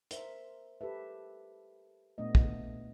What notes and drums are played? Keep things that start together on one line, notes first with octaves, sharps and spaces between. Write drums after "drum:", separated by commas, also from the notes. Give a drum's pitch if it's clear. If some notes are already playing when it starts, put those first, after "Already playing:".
A#4 C5 E5, drum: hi-hat
G4 A4 B4 E5
A#2 A3 B3 D4 D#5
drum: kick